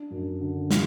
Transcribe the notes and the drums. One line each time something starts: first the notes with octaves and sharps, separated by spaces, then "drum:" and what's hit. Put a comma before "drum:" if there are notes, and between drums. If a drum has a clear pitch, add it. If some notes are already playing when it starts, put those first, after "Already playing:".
Already playing: D4
F#2
D3
G3, drum: snare